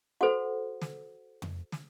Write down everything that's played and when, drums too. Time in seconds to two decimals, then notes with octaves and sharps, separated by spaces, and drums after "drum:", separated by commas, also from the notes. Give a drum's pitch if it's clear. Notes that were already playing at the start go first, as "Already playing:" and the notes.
0.21 F#4 A4 C5 F#5
0.81 drum: snare
1.42 drum: tom F2
1.72 drum: snare